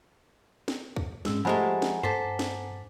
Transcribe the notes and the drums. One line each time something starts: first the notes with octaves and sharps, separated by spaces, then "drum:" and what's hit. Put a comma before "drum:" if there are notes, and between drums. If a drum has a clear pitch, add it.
drum: snare
drum: kick
G#2 G#3 C#4 E6, drum: snare
F3 G#3 A3 G4 F#5 G#5 A#5 B5
drum: snare
G2 A4 C5 D6 B6
drum: snare